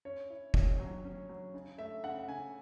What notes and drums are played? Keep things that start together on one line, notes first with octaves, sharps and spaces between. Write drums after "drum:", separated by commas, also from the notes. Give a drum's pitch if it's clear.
C#4 C#5
E4
C#4, drum: kick F1
F#3
C#4
F#3
C#3
A3 E5
C#3 F#5
F#5
C#3 G#5